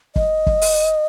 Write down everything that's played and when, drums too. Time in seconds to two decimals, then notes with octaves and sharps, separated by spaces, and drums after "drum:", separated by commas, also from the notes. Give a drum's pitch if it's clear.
0.16 D#5, drum: kick F#1
0.47 drum: kick F#1
0.62 drum: open hi-hat